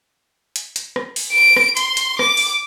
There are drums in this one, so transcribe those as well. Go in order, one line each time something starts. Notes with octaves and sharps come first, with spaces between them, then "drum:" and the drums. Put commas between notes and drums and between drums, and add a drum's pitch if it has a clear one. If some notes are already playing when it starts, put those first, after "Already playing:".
drum: hi-hat
drum: hi-hat
drum: rim click
drum: open hi-hat
D7
drum: rim click
C6, drum: hi-hat
drum: hi-hat
D6, drum: rim click
drum: open hi-hat